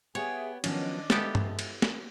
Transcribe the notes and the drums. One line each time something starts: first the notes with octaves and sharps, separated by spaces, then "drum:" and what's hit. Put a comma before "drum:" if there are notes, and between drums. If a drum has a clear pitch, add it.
B3 G4 G#4 C#5 E5 G#5
D#3 F3 F#3 B3 C#4 D4 D#5, drum: cymbal
G#3 B3 G4 A4 E5, drum: snare
drum: tom
drum: cymbal
drum: snare